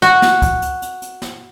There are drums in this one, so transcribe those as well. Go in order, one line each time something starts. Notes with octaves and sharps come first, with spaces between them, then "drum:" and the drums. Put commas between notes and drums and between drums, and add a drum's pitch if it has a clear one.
F#4, drum: hi-hat
drum: snare
drum: kick C2, hi-hat
drum: hi-hat
drum: hi-hat
drum: hi-hat
drum: snare